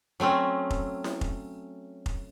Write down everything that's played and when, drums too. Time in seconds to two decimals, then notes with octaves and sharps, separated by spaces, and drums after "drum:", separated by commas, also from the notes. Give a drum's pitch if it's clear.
0.20 F#3 A3 C4 C#4
0.70 drum: kick F1
1.04 drum: snare E4
1.21 drum: kick F1
2.06 drum: kick F1